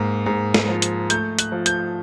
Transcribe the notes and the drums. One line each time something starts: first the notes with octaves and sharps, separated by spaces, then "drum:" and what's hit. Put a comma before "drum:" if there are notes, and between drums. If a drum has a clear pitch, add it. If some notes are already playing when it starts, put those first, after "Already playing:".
Already playing: G#2 A#3
G#2
drum: snare
F3
drum: hi-hat
A3 G6, drum: hi-hat
F#6, drum: hi-hat
F3
G6, drum: hi-hat